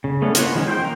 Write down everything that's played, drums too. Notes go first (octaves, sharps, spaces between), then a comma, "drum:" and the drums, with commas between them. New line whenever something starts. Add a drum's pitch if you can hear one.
C#3
A3 B3 C#4 D4
A#3 F4 B4 C#5 F#5, drum: hi-hat
D#3 F3 G#3 C4 C#4
C5 E5 G5
G#3 A#3 A#5